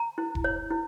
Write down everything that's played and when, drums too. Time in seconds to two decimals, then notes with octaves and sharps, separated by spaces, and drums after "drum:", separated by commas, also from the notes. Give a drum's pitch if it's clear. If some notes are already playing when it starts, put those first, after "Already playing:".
Already playing: A#5
0.18 E4
0.35 drum: kick E1
0.44 C#5
0.71 E4